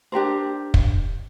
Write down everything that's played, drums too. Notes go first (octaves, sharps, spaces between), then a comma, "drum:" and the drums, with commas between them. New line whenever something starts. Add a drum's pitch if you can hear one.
D4 G4 A#4 C5
drum: kick